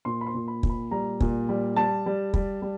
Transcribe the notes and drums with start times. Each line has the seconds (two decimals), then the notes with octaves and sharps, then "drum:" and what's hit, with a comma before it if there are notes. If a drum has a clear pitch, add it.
0.05 A#2 C6
0.21 B5
0.27 C6
0.34 A#2
0.48 B5
0.63 A#2, drum: kick
0.70 B5
0.91 G3 A#5
1.20 A#2, drum: kick
1.49 G3
1.76 G3 A5
2.06 G3
2.34 G3, drum: kick
2.62 G3